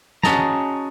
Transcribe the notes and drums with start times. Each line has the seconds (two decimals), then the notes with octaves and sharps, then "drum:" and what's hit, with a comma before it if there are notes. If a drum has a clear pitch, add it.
0.23 C#4 F#4 G#4 D#5 A5 A#5, drum: snare
0.39 drum: tom E3